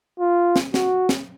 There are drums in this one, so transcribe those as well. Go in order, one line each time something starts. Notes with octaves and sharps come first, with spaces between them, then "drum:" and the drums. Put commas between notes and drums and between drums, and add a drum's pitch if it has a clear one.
F4
drum: snare
F#4, drum: snare
drum: snare